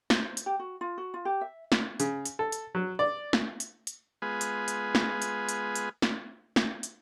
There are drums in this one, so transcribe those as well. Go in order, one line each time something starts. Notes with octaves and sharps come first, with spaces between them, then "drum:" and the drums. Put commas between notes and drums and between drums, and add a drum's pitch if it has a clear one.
C5, drum: snare
drum: hi-hat
G4
F#4
F4
F#4
F4
G4
E5
drum: snare
C#3, drum: hi-hat
drum: hi-hat
A4
drum: hi-hat
F#3
D5
drum: snare
drum: hi-hat
drum: hi-hat
G#3 B3 F4 G#4 B4
drum: hi-hat
drum: hi-hat
drum: snare
drum: hi-hat
drum: hi-hat
drum: hi-hat
drum: snare
drum: snare
drum: hi-hat